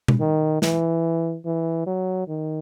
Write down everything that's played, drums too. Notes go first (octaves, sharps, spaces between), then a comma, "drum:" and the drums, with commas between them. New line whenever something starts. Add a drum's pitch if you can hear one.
drum: tom B2
D#3
E3, drum: snare
E3
F#3
D#3